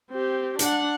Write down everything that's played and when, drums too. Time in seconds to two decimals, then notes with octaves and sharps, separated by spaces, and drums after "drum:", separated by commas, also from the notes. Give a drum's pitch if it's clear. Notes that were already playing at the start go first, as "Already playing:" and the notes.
0.11 C4 G4
0.59 D4 F#5, drum: hi-hat